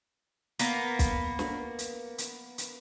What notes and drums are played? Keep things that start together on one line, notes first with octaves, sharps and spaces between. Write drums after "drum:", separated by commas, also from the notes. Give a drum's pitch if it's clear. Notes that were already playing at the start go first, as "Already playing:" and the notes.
A#3 B3, drum: hi-hat
drum: kick, hi-hat
drum: snare
drum: hi-hat
drum: hi-hat
drum: hi-hat